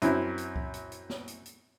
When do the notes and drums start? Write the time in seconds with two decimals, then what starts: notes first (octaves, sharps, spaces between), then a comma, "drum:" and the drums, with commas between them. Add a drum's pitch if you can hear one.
0.02 F#2 C4 E4, drum: hi-hat
0.38 drum: hi-hat
0.56 drum: kick C#2
0.74 drum: hi-hat
0.92 drum: hi-hat
1.10 drum: snare
1.28 drum: hi-hat
1.46 drum: hi-hat